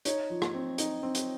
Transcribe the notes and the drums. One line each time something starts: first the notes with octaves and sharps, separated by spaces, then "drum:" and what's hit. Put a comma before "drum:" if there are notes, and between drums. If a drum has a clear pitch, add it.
D#4 C#5, drum: hi-hat
F3
drum: rim click
C4
D#4, drum: hi-hat
C4
drum: hi-hat